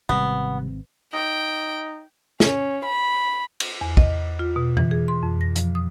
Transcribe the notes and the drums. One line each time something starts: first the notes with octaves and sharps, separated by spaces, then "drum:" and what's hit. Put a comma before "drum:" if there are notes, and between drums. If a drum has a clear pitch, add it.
G#1 C3 G3 B3 C4
D#4 G5
C#4, drum: snare
B5
drum: cymbal
E2
D#5, drum: kick
F4
B2
E3, drum: tom F2
G#4
C6
F2
A#6
F3, drum: hi-hat
D#6